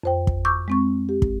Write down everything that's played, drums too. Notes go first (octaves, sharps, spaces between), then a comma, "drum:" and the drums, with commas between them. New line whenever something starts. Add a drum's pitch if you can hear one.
F2 C5 G5
drum: kick
C#6 D6 E6 G6
G#3 C4 C#6
G4
drum: kick